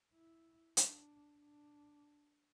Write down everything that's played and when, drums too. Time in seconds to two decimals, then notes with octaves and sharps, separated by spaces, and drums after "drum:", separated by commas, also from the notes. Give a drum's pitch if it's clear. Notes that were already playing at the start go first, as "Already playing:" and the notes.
0.14 E4
0.77 D4, drum: hi-hat
1.39 D4